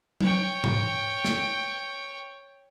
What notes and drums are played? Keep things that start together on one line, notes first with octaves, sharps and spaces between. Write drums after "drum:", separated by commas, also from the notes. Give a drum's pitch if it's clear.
C#5 G5, drum: tom F#3
drum: tom G#2
drum: snare